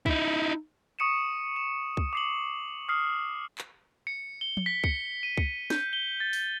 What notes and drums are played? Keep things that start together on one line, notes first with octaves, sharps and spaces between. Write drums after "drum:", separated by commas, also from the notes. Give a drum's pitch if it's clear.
D#4 E4, drum: kick C2
C#6 D#6 C#7 D#7 E7
E7
drum: kick C2
D6 C7 F#7
D#6 F6 C7
drum: clap
C#7
G7
drum: tom F3
B6
C#7, drum: kick C2
D#7
C#7, drum: kick C2
G6, drum: snare
G7
A6
drum: open hi-hat